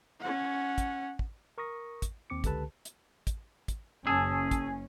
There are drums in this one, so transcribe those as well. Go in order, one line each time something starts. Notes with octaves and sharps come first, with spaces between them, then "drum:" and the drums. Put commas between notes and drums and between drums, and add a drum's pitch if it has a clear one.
C#4 F#5
drum: kick, hi-hat
drum: kick
A#4 C#6 D#6 A#6
drum: kick, hi-hat
D#2 C4 D6 C#7
C#2 D3 G4 A4 B4 A5, drum: kick, hi-hat
drum: hi-hat
drum: kick, hi-hat
drum: kick, hi-hat
F#1 F#2 C#4 G#4 G#5 A5 E6
drum: kick, hi-hat